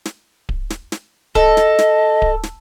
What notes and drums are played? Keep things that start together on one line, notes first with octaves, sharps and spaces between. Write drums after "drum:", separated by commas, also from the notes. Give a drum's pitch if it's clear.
drum: snare
drum: kick D1
drum: snare
drum: snare
A4 D#5, drum: kick D1
drum: snare
drum: snare
drum: kick D1
drum: snare